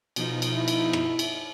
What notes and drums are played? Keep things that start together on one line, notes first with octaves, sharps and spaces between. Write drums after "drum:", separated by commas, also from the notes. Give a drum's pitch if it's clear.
B2 F3 D#4, drum: cymbal
drum: cymbal
E4
drum: cymbal
drum: rim click
drum: cymbal